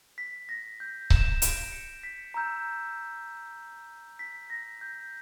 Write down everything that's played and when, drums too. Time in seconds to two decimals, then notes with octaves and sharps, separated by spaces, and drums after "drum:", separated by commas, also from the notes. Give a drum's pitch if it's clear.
0.18 B6
0.49 A#6
0.80 G6
1.10 E7, drum: kick C#1
1.30 E7
1.42 D7, drum: hi-hat
1.72 C#7
2.03 B6
2.34 A#5 E6 G6
4.19 B6
4.50 A#6
4.81 G6